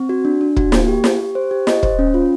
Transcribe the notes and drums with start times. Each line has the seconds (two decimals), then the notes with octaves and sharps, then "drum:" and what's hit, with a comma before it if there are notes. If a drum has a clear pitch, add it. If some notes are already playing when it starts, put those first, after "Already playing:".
Already playing: C4
0.09 F#4
0.25 D4
0.41 D4
0.57 F#4, drum: kick
0.72 A#3, drum: snare
0.88 G4
1.04 G4, drum: snare
1.20 G4
1.35 C5
1.51 G4
1.67 D#5, drum: snare
1.83 C5, drum: kick
1.99 C#4
2.14 F4